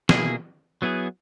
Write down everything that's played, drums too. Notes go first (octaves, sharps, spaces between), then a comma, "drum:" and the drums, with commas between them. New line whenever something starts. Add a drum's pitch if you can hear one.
B2 A#3 E4 G#4, drum: snare
F#3 B3 E4 G#4